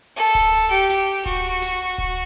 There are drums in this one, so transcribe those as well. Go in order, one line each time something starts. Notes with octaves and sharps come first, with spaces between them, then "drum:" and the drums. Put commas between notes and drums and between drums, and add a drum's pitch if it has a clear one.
A4, drum: hi-hat
drum: kick D1, hi-hat
drum: hi-hat
G4, drum: hi-hat
drum: snare
drum: hi-hat
F#4, drum: kick D1, hi-hat
drum: hi-hat
drum: snare
drum: hi-hat
drum: kick D1, hi-hat